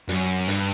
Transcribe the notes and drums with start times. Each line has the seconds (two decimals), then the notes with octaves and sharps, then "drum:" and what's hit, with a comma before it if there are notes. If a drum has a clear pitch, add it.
0.09 F#2, drum: hi-hat
0.48 G2, drum: hi-hat